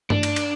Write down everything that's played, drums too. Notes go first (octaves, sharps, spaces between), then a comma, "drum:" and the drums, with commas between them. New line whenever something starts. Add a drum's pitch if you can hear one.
D4, drum: tom G2
drum: cymbal
drum: cymbal